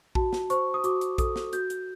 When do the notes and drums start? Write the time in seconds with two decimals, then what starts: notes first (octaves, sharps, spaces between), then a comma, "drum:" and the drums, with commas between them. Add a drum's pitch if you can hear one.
0.15 F#4 A5, drum: kick A#1
0.33 drum: snare
0.50 C5 C#6, drum: hi-hat
0.74 D#6
0.84 F#4 D6, drum: hi-hat
1.01 drum: hi-hat
1.18 A4 D#6, drum: kick A#1, hi-hat
1.36 drum: snare
1.53 F#4 G6, drum: hi-hat
1.70 drum: hi-hat